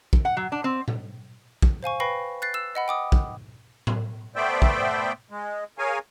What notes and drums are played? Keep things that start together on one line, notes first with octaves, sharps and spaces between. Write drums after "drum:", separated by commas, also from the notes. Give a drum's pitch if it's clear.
drum: kick
F#5
F#3
D4
C4
drum: tom A#2
drum: kick
C5 F5 G#5 C#6
B4 G5 B5 C#6 A#6 C7
F#6 A6 C7
E6 E7
D#5 F#5 B5
G5 D6 D#6
drum: kick
drum: tom A2
A3 B3 C5 D5 E5 G5
drum: kick
G#3
G#4 A#4 C#5 F5 G#5